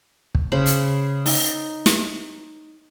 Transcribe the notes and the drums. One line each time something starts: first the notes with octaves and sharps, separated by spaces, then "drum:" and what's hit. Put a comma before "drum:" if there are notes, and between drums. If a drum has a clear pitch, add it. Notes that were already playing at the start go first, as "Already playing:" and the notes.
drum: kick
C#3 C5 B5
drum: hi-hat
D#4, drum: open hi-hat
drum: snare